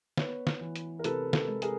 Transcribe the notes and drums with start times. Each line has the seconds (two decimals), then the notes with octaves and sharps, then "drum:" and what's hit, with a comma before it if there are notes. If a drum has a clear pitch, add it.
0.17 B3 B4 C#5, drum: snare
0.47 drum: snare
0.61 E3
0.76 drum: hi-hat
0.99 A#4
1.04 C3 A4 B4, drum: hi-hat
1.33 A4 B4, drum: snare
1.48 G#3
1.62 G#4 A#4, drum: hi-hat